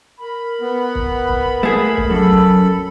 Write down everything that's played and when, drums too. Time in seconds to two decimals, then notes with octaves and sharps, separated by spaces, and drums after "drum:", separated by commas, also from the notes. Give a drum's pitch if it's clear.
0.20 A#4 B5
0.61 B3
0.95 drum: kick
1.29 drum: kick
1.63 A3 G#4
1.97 drum: kick
2.10 F#2 A4
2.31 drum: kick